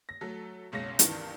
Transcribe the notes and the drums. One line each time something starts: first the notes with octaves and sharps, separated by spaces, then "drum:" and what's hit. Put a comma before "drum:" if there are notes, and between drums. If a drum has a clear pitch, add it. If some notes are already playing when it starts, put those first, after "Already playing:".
A#6
F#3 A3 A4
F#1 B1 G#3 C#4 A#6
C#2 G2 D#3 E3, drum: hi-hat